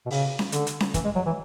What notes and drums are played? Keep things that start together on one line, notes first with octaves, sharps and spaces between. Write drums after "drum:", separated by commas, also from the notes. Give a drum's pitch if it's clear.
B2
C#3, drum: open hi-hat
drum: snare C#4
D3, drum: hi-hat
drum: hi-hat
drum: snare C#4
E3, drum: kick, hi-hat
G#3
F#3
E3